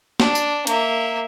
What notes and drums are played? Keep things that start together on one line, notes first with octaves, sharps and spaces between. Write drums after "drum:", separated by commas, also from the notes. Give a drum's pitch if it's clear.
D4, drum: snare
drum: tambourine
A#3 E5, drum: hi-hat